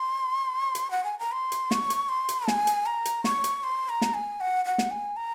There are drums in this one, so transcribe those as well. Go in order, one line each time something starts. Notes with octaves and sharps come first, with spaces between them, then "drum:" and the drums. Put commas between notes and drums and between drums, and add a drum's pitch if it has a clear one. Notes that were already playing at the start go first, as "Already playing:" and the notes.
Already playing: C6
drum: hi-hat
F#5
G#5
A#5
C6
drum: hi-hat
C#6, drum: snare
drum: hi-hat
C6
drum: hi-hat
G#5, drum: snare
drum: hi-hat
A#5
drum: hi-hat
C#6, drum: snare
drum: hi-hat
C6
A#5
drum: snare
G#5
F#5
F#5
drum: snare
G#5
A#5